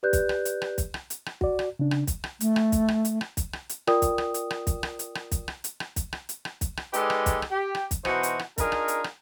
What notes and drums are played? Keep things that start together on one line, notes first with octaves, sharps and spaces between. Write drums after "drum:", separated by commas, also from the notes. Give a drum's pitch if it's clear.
G4 B4 D5 F#6 G6
drum: kick, hi-hat
drum: rim click
drum: hi-hat
drum: rim click
drum: kick, hi-hat
drum: rim click
drum: hi-hat
drum: rim click
F#4 D5, drum: kick
drum: rim click
C#3 D4
drum: rim click
drum: kick, hi-hat
drum: rim click
A3, drum: hi-hat
drum: rim click
drum: kick, hi-hat
drum: rim click
drum: hi-hat
drum: rim click
drum: kick, hi-hat
drum: rim click
drum: hi-hat
F4 A#4 D5 G5 D#6, drum: rim click
drum: kick, hi-hat
drum: rim click
drum: hi-hat
drum: rim click
drum: kick, hi-hat
drum: rim click
drum: hi-hat
drum: rim click
drum: kick, hi-hat
drum: rim click
drum: hi-hat
drum: rim click
drum: kick, hi-hat
drum: rim click
drum: hi-hat
drum: rim click
drum: kick, hi-hat
drum: rim click
G#3 D#4 G4 A4 B4 D5, drum: hi-hat
drum: rim click
drum: kick, hi-hat
drum: rim click
G4
drum: rim click
drum: kick, hi-hat
B2 E3 D#4 F#4 C5, drum: rim click
drum: hi-hat
drum: rim click
D4 D#4 F4 G#4 A#4, drum: kick, hi-hat
drum: rim click
drum: hi-hat
drum: rim click